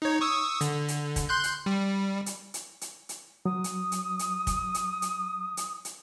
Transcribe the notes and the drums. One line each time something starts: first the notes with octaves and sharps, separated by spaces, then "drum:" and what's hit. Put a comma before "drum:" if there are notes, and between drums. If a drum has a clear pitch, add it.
D#4 C#5
C#6 D#6 E6
D3, drum: hi-hat
drum: hi-hat
drum: kick, hi-hat
C6 F#6 G6
drum: hi-hat
G3
drum: hi-hat
drum: hi-hat
drum: hi-hat
drum: hi-hat
F#3 D#6
drum: hi-hat
drum: hi-hat
drum: hi-hat
drum: kick, hi-hat
drum: hi-hat
drum: hi-hat
drum: hi-hat
drum: hi-hat